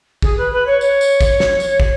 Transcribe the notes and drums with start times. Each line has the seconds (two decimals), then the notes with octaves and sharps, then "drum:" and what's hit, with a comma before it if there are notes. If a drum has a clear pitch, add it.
0.22 G#4, drum: kick
0.37 B4
0.52 B4
0.66 C#5
0.81 C#5, drum: tambourine
1.01 drum: tambourine
1.21 drum: kick, tambourine
1.40 drum: snare
1.60 drum: tambourine
1.80 drum: kick